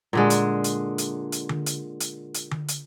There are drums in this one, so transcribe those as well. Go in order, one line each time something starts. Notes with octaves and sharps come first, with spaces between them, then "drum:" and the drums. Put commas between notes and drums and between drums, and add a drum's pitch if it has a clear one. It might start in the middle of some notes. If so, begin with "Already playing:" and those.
A#2 D3 G#3
drum: hi-hat
drum: hi-hat
drum: hi-hat
drum: hi-hat
drum: tom D3
drum: hi-hat
drum: hi-hat
drum: hi-hat
drum: tom D3
drum: hi-hat